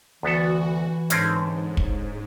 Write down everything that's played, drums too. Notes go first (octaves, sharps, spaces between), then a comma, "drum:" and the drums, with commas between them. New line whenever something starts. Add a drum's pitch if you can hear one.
D2 E3 B3 F#4 A4
G#2 D3 C4 C#4, drum: hi-hat
drum: kick